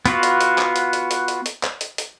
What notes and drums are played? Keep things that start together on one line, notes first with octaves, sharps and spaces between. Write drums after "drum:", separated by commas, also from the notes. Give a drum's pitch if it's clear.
B3 F4 F#4, drum: hi-hat
drum: hi-hat
drum: hi-hat
drum: clap
drum: hi-hat
drum: hi-hat
drum: hi-hat
drum: hi-hat
drum: hi-hat
drum: clap
drum: hi-hat
drum: hi-hat